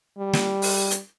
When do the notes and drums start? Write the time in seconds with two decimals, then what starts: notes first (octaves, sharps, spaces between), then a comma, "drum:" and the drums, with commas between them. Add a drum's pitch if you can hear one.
0.19 G3
0.33 drum: snare
0.62 drum: open hi-hat
0.90 drum: hi-hat